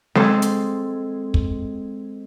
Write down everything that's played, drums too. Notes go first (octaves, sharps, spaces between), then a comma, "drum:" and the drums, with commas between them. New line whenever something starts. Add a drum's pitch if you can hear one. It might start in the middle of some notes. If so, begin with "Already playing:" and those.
G#3 C4 A4, drum: snare
drum: hi-hat
drum: kick